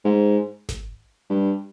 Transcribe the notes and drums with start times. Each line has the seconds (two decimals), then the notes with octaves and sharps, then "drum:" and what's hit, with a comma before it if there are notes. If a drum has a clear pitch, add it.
0.05 G#2
0.69 drum: snare G#1
1.30 G2